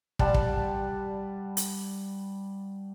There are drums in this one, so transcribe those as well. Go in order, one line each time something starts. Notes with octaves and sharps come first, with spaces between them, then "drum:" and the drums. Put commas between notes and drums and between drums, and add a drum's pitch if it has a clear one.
G3 F#5 A5 C6, drum: kick
drum: kick
drum: hi-hat